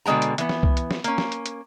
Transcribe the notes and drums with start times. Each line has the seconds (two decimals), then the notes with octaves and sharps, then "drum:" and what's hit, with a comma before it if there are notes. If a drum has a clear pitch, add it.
0.06 B2 D3 G#3 G5 A#5
0.22 drum: hi-hat
0.38 E3 B3, drum: hi-hat
0.49 drum: snare
0.63 drum: kick C2
0.77 drum: hi-hat
0.91 drum: snare
1.04 A#3 C#4, drum: hi-hat
1.18 drum: snare
1.32 drum: hi-hat
1.46 drum: hi-hat